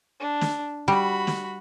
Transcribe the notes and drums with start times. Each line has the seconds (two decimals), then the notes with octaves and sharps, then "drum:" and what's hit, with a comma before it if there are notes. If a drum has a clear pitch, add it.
0.20 D4
0.41 drum: snare
0.88 G3 F#4 B5
1.27 drum: snare